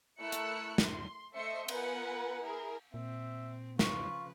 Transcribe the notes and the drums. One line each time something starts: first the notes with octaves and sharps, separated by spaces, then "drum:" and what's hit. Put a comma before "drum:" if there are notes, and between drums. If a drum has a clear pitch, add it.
A3 E4 A#4 E6 F#6 C#7
drum: hi-hat
C6, drum: snare
A3 C5 D#5 E5 C6 C#7
B3 F4 A#4 B4 F#5 G#5, drum: cymbal
E4 G#4 A#4
A#2 C4 E5
C#3 F3 F4 B4 C#6, drum: snare